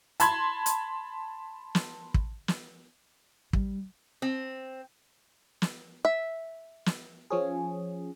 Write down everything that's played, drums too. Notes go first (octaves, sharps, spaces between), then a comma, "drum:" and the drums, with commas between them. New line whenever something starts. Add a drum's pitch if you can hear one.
A5 B5 C6 G#6, drum: hi-hat
drum: hi-hat
drum: snare
drum: kick
drum: snare
G3, drum: kick
C4
drum: snare
E5
drum: snare
F3 C#4 G#4